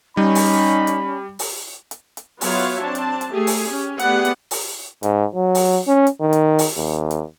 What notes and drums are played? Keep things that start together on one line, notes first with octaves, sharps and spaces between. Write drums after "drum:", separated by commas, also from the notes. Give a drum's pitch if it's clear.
G3 C#4 D#4 B5
drum: open hi-hat
drum: hi-hat
drum: open hi-hat
drum: hi-hat
drum: hi-hat
F#3 B3 F4 C#5 E5 F5, drum: open hi-hat
C4 D4 A5
drum: hi-hat
drum: hi-hat
A3 G4 G#4
drum: open hi-hat
C#4 G4
A3 B3 G4 G#4 D5 F#5, drum: hi-hat
drum: hi-hat
drum: open hi-hat
G#2, drum: hi-hat
F#3
drum: open hi-hat
C#4
drum: hi-hat
D#3
drum: hi-hat
drum: open hi-hat
D#2
drum: hi-hat